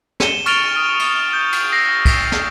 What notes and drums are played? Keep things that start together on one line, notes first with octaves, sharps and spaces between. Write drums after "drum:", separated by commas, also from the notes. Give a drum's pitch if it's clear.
C#7 D#7 E7 G7, drum: snare
C#6 F6 A6 D7 F7 G7, drum: cymbal
D#6
drum: cymbal
G6 G7
drum: cymbal
E6 A#6 C7
drum: kick, cymbal
drum: snare